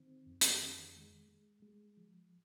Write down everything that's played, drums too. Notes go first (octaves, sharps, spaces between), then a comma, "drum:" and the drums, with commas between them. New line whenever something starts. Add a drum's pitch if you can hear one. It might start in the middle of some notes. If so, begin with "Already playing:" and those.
Already playing: D#3 C4
F2
drum: hi-hat
D#3
G#3
G#3
G#3
F3